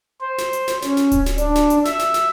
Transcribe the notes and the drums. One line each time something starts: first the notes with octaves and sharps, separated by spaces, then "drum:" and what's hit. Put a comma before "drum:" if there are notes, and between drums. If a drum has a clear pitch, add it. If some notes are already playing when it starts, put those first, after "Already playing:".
C5
drum: snare
drum: hi-hat
drum: snare
C#4, drum: snare
drum: snare
drum: kick D1, hi-hat
drum: snare
D4, drum: hi-hat
drum: snare
drum: hi-hat
E5, drum: snare
drum: snare
drum: snare